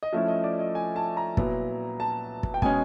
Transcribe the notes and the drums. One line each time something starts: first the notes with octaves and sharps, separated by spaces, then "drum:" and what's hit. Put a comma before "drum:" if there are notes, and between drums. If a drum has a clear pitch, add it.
D#5
F3 A3 C#4 E4 E5
D#5
D5
D#5
G#5
A5
A#5
A#2 F#3 B3 E4, drum: kick
A5
drum: kick
G5
B2 G#3 C#4 G#5, drum: kick